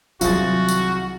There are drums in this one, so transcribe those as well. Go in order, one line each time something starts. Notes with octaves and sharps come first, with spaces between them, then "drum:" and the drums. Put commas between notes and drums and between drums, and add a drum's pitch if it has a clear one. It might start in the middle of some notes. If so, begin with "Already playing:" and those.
C2 D#3 F#3 F4 F#4 G#4 A6, drum: tambourine
drum: tambourine